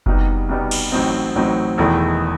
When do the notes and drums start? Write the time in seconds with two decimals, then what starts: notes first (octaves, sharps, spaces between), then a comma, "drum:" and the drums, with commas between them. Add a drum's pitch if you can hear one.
0.06 C2 B2 G3 B3 D#4, drum: kick F#1
0.49 C2 B2 G3 B3 D#4
0.71 drum: cymbal
0.92 A1 A2 F#3 C4 D#4
1.35 A1 A2 F#3 C4 D#4
1.78 E1 E2 D#3 A3 E4